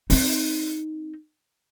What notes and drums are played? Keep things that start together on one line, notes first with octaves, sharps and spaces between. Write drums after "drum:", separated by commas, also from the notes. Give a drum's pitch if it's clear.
C4 D#4, drum: open hi-hat